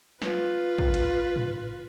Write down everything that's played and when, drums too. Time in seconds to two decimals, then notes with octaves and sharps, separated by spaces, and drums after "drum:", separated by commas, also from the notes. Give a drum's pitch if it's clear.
0.22 F4 B4, drum: snare
0.78 drum: kick
0.94 drum: cymbal
1.36 drum: tom